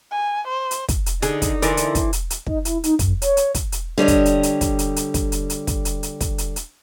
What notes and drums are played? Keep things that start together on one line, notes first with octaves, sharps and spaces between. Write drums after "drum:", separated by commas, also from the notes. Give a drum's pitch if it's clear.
G#5
C5
drum: hi-hat
drum: kick, hi-hat
drum: hi-hat
D3 D#4 G#4, drum: hi-hat
drum: kick, hi-hat
D3 E3 A#4 C5 D5, drum: hi-hat
drum: hi-hat
drum: kick, hi-hat
drum: hi-hat
drum: hi-hat
D#4, drum: kick
E4, drum: hi-hat
D#4, drum: hi-hat
F#2, drum: kick, hi-hat
C#5, drum: hi-hat
drum: hi-hat
drum: kick, hi-hat
drum: hi-hat
D3 G3 C#5 D#5
drum: kick, hi-hat
drum: hi-hat
drum: hi-hat
drum: kick, hi-hat
drum: hi-hat
drum: hi-hat
drum: kick, hi-hat
drum: hi-hat
drum: hi-hat
drum: kick, hi-hat
drum: hi-hat
drum: hi-hat
drum: kick, hi-hat
drum: hi-hat
drum: hi-hat